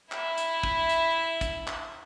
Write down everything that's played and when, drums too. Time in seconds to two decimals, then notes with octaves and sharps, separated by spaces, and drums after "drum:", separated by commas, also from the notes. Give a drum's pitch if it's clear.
0.12 E4 E5, drum: clap
0.38 drum: hi-hat
0.63 drum: kick
0.89 drum: hi-hat
1.41 drum: kick, hi-hat
1.67 drum: clap